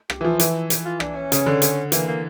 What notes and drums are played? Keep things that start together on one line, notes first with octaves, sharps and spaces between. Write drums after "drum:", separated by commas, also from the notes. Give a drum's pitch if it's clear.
G4, drum: rim click
E3
F3 E4
E3 E4, drum: hi-hat
drum: hi-hat
F4
D4, drum: rim click
C#4
C#3, drum: hi-hat
D3
drum: hi-hat
E3 A#3, drum: hi-hat
A#3